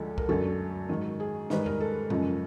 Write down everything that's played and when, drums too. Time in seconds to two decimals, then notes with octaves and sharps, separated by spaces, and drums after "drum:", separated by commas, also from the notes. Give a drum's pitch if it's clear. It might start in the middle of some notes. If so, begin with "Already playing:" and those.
Already playing: D2 D3 F3 G#3 A4
0.18 A#4, drum: kick C2
0.28 F#2 D3 F#3 A4
0.89 G#2 D#3 F#3
1.20 G#4
1.50 G#2 D#3 G3 B4, drum: snare
1.66 A#4, drum: tom E2
1.80 A4
2.10 F#2 C#3 F3 G#3, drum: tom G#2